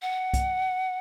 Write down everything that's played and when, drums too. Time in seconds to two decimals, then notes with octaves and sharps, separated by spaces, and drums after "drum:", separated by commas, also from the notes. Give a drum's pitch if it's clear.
0.02 F#5
0.34 drum: kick, hi-hat